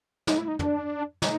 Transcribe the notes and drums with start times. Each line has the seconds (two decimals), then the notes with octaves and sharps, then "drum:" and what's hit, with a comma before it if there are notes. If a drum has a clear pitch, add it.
0.27 D#4, drum: snare
0.38 E4
0.48 D#4
0.59 D4, drum: tom
1.22 D#4, drum: snare